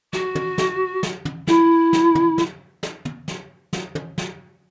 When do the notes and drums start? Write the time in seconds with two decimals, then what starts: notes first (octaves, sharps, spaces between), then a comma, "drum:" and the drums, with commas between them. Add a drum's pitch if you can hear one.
0.13 F#4, drum: snare
0.35 drum: tom
0.58 drum: snare
1.03 drum: snare
1.25 drum: tom
1.47 E4, drum: snare
1.93 drum: snare
2.15 drum: tom
2.38 drum: snare
2.83 drum: snare
3.05 drum: tom
3.28 drum: snare
3.73 drum: snare
3.95 drum: tom
4.18 drum: snare